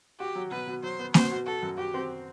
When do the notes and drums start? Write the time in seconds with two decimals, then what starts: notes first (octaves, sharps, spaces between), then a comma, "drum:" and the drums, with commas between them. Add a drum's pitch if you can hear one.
0.20 F#4 G4
0.36 F#3
0.51 B2 B4
0.67 B2
0.83 F#3 C5
0.99 B3
1.14 F#4 C5, drum: snare A#3
1.31 B2
1.46 F#4 A4
1.63 F#2
1.78 F#4 G4
1.94 C4